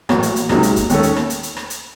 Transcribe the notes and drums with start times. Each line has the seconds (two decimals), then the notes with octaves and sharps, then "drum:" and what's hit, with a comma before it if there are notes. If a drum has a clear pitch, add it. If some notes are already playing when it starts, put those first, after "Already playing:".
0.09 A1 A2 F#3 A#3, drum: rim click
0.23 drum: hi-hat
0.36 drum: hi-hat
0.49 C#2 C3 F#3 A#3 D#4, drum: rim click
0.63 drum: hi-hat
0.76 drum: kick, hi-hat
0.90 D#2 D#3 A3 C#4 A4, drum: hi-hat
1.03 drum: hi-hat
1.16 drum: rim click
1.30 drum: hi-hat
1.43 drum: hi-hat
1.57 drum: rim click
1.70 drum: hi-hat